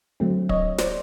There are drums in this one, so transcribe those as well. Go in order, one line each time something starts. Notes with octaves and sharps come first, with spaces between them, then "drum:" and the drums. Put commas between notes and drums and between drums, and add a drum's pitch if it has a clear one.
D3 F#3 A3 C4
C#5 D#5, drum: kick
C5 D5, drum: snare